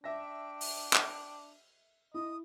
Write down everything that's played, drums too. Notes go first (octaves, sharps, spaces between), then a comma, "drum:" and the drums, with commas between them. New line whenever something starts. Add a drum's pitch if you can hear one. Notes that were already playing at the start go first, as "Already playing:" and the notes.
D4 E5 G5 A#6
drum: open hi-hat
drum: clap
E4 D#5 D#6